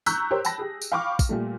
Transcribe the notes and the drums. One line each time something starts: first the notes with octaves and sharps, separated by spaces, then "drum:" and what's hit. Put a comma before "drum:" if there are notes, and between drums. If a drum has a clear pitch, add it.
A#5 C#6 E6 F#6 G6 B6, drum: tambourine
G4 A#4 C5 C#5
G5 A5 B5 A#6, drum: tambourine
G4 G#4
drum: tambourine
F5 G5 B5 C#6 D6 F6
drum: kick, tambourine
A#2 G3 A3